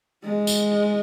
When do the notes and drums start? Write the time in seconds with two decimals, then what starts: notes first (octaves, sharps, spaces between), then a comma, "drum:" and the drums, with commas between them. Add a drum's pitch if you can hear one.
0.24 G#3
0.47 drum: tambourine